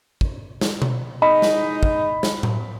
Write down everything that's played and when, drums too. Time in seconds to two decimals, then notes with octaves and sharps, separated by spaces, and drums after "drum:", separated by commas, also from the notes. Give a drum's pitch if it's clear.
0.21 drum: kick
0.61 drum: snare
0.82 drum: tom B2
1.22 G#3 D#4 D#5 B5
1.42 drum: snare
1.83 drum: kick
2.23 drum: snare
2.43 drum: tom A2